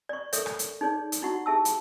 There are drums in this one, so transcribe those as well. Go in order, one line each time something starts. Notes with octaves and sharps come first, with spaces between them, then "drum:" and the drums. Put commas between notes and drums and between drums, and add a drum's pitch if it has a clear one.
D5 C#6
A4 A#4 C#5 E5, drum: hi-hat
drum: rim click
drum: hi-hat
D#4 G#4 C#5 D5
drum: hi-hat
D#4 E4 F#4 F#5 C#6
G4 G#4 E5 A5 E6
drum: hi-hat